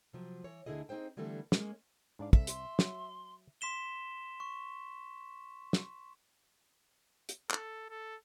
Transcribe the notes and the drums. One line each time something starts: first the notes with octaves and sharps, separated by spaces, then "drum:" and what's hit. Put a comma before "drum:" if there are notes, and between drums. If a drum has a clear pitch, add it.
C3 F3 F#3
E3 C#5
D2 D3 E4 G#4 D#5
C4 D#4 G#4 C5 G5
D3 E3 G3 A3 B3 D4
G#3 A#3 C#4 G#4, drum: snare
G#2 D4 D5 F5
C2 A4 E5, drum: kick
C6, drum: hi-hat
F#3, drum: snare
C6 B6 E7 G7
C#6
drum: snare
drum: hi-hat
A4, drum: clap
A4